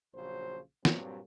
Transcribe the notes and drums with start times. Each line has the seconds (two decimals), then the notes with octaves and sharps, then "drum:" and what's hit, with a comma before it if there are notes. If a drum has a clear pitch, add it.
0.14 A#1 C#3 F#3 C5
0.85 G2 A#2 F#3 G3 C4, drum: snare